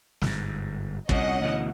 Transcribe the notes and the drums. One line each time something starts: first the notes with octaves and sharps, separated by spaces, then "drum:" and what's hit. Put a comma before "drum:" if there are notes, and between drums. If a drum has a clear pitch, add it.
G1 G#2, drum: snare
C2 A#2 C#4 D#5 F#5, drum: kick
D2 B2 E3